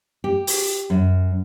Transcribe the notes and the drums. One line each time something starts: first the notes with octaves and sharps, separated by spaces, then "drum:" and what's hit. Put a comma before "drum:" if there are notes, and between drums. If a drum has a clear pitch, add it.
G4
drum: open hi-hat
F#2